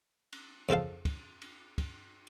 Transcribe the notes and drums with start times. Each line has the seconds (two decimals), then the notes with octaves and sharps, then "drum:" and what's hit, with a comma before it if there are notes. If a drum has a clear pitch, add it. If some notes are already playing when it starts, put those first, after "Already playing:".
0.32 drum: cymbal
0.69 F2 C#3 C4 A4 F5
1.05 drum: kick, cymbal
1.42 drum: cymbal
1.78 drum: kick, cymbal